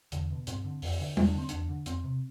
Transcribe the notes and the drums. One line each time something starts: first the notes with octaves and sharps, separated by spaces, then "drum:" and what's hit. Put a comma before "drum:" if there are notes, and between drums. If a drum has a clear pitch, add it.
E2 D3, drum: hi-hat
B2
G2 C4, drum: hi-hat
D3
F2, drum: open hi-hat
D3
E2, drum: tom G3
D4
D3 C4
E2 D4, drum: hi-hat
D3
F2 C4, drum: hi-hat
C3